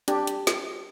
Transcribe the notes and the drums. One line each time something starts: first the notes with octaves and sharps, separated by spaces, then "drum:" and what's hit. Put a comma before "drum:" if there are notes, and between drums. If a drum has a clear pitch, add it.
D4 G4, drum: hi-hat
drum: hi-hat
drum: snare